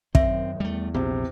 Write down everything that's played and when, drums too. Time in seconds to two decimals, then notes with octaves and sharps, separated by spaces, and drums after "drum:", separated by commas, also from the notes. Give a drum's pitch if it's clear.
0.15 F#2 D#3 C4 E5, drum: kick
0.60 E2 G3 A3
0.94 A#1 C3